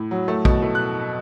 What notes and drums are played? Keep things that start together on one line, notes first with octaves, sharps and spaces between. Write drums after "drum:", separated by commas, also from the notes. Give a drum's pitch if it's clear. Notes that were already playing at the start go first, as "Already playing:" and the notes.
Already playing: A2
F#3
A3
B2, drum: kick A#1
A3
F#6